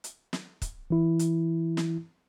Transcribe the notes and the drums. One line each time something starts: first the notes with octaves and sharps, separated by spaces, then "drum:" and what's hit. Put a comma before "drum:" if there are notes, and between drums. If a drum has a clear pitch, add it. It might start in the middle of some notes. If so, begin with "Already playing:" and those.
drum: hi-hat
drum: snare
drum: kick, hi-hat
E3 E4
drum: hi-hat
drum: snare